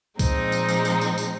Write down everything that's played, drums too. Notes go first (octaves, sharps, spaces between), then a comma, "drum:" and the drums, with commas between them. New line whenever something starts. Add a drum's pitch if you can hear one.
A#2 F3 G#3 C4 D#4, drum: kick C2, tambourine
drum: tambourine
drum: tambourine
drum: tambourine
drum: tambourine
drum: tambourine